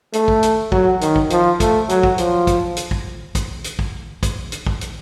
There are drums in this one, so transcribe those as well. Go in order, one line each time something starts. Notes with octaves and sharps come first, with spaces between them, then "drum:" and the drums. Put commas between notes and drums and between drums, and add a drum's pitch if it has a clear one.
A3, drum: hi-hat
drum: kick
drum: hi-hat
F#3, drum: kick
D#3, drum: hi-hat
drum: kick
F3, drum: hi-hat
A3, drum: kick, hi-hat
F#3, drum: hi-hat
drum: kick
F3, drum: hi-hat
drum: kick, hi-hat
drum: hi-hat
drum: kick
drum: kick, hi-hat
drum: hi-hat
drum: kick
drum: kick, hi-hat
drum: hi-hat
drum: kick
drum: hi-hat